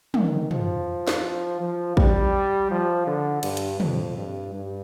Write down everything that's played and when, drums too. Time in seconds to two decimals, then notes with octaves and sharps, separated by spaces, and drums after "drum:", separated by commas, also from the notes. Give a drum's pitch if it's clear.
0.14 D#3, drum: tom
0.51 F3, drum: tom
1.08 drum: snare
1.60 F3
1.97 G3, drum: kick
2.71 F3
3.07 D3
3.43 G2, drum: cymbal
3.57 drum: hi-hat
3.80 F2, drum: tom
4.17 G2
4.53 G2